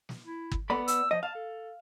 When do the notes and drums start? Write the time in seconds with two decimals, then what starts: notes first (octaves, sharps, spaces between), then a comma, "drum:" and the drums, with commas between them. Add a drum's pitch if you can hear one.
0.09 drum: snare
0.25 E4
0.51 drum: kick
0.70 B3 A4 D5 B5
0.88 E6, drum: hi-hat
1.11 F3 D#5
1.23 F5 A5
1.35 A4